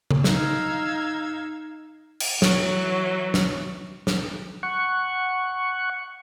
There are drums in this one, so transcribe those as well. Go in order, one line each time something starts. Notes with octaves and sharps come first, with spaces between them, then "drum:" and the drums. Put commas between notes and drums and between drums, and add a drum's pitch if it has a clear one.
drum: tom C#3
D#4 F5 E6 G#6, drum: snare
drum: cymbal
E3 F#3, drum: snare
drum: snare
drum: snare
F#5 C#6